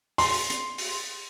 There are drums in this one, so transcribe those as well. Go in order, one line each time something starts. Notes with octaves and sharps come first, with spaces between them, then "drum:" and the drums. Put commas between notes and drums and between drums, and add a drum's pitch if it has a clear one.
C6, drum: open hi-hat
drum: hi-hat
drum: open hi-hat